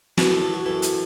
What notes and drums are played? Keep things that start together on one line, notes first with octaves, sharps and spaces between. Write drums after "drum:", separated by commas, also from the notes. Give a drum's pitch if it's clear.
F#2 E3 F#4, drum: snare
A4
A4
F#4
F#2 E3 A4
drum: hi-hat